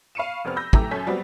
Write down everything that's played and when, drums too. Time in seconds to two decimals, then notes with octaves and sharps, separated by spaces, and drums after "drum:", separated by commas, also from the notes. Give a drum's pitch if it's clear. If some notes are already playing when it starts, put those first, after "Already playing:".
0.15 F5 B5 C#6 C#7 D#7 E7
0.45 F1 B3 C4 F6
0.56 B5 E6 G6 A#6
0.73 E3 A3 G4 A#5 E6, drum: kick
0.91 F#2 C#4 A4 G#5 G6 B6
1.07 F#3 G3 B3 C4